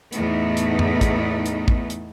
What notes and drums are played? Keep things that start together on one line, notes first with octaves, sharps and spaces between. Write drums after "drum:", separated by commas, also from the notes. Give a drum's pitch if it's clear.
E2 A2 A3 B3 D#4, drum: hi-hat
drum: hi-hat
drum: tom F2
drum: kick, hi-hat
drum: hi-hat
drum: kick
drum: hi-hat